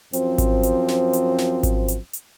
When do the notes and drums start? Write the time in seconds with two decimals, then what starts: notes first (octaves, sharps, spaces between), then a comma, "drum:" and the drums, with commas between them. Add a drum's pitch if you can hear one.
0.13 F#2 F3 C4, drum: hi-hat
0.38 drum: kick G#1, hi-hat
0.63 drum: hi-hat
0.88 drum: snare
1.13 drum: hi-hat
1.38 drum: snare
1.63 drum: kick G#1, hi-hat
1.88 drum: hi-hat
2.13 drum: hi-hat